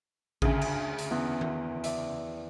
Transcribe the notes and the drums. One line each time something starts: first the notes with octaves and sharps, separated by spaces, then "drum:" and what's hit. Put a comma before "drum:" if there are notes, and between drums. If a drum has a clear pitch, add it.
D2 C#3 G#4, drum: kick A1
drum: cymbal
drum: hi-hat
E2
drum: tom D#3
D5 E5, drum: hi-hat